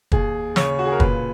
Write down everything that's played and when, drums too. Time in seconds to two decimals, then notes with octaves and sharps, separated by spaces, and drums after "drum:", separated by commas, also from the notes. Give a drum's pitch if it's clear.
0.12 D#2 G#4, drum: kick
0.56 C#3 C#5, drum: snare
0.79 F#4
0.85 G#4
0.92 A#4
1.00 A#2 B4, drum: kick